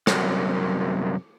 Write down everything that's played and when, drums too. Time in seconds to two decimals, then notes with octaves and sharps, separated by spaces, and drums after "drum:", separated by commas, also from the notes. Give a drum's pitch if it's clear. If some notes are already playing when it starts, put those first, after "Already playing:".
0.07 C2 F#2, drum: rim click